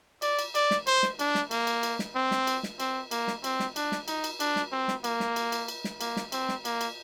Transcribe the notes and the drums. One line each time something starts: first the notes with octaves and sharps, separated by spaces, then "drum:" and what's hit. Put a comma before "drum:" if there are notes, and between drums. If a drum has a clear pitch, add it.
D5, drum: cymbal
drum: cymbal
D5, drum: cymbal
drum: snare
C5, drum: cymbal
drum: snare
D4, drum: cymbal
drum: snare
A#3, drum: cymbal
drum: cymbal
drum: cymbal
drum: snare
C4
drum: snare
drum: cymbal
drum: snare
C4, drum: cymbal
A#3, drum: cymbal
drum: snare
C4, drum: cymbal
drum: snare
D4, drum: cymbal
drum: snare
D#4, drum: cymbal
drum: cymbal
D4, drum: cymbal
drum: snare
C4
drum: snare
A#3, drum: cymbal
drum: snare
drum: cymbal
drum: cymbal
drum: cymbal
drum: snare
A#3, drum: cymbal
drum: snare
C4, drum: cymbal
drum: snare
A#3, drum: cymbal
drum: cymbal